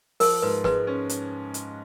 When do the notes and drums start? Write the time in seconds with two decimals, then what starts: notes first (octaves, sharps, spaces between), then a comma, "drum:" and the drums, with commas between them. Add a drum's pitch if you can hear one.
0.20 F3 A#4, drum: open hi-hat
0.42 G#2 B4
0.64 G#3 B4, drum: snare
0.87 C#4
1.09 drum: hi-hat
1.54 drum: hi-hat